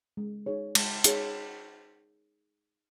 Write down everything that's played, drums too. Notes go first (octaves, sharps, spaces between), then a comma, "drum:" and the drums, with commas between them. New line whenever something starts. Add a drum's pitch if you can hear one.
G#3
D#4 G#4 C#5
G#3, drum: cymbal
D#4 G#4 C#5, drum: hi-hat